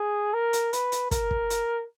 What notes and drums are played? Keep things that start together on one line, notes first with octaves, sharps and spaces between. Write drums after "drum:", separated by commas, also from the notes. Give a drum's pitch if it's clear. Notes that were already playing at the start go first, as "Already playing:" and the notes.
Already playing: G#4
A#4
drum: hi-hat
B4, drum: hi-hat
drum: hi-hat
A#4, drum: kick, hi-hat
drum: kick
drum: hi-hat